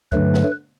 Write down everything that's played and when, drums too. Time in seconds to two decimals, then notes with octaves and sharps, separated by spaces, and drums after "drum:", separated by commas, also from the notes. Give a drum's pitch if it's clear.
0.12 G2 D3 F#3 A3 B4, drum: kick
0.34 drum: snare